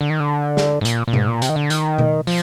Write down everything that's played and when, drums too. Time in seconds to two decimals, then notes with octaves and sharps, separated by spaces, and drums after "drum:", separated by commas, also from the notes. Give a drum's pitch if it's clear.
0.01 D3
0.10 D#3
0.20 D3
0.57 drum: snare
0.81 G#2
0.85 A#2, drum: hi-hat
1.08 A#2
1.13 G#2, drum: tom B2
1.28 A#2
1.42 C3, drum: hi-hat
1.49 D#3
1.56 D3
1.70 D#3, drum: hi-hat
1.98 drum: tom B2
2.27 F3, drum: open hi-hat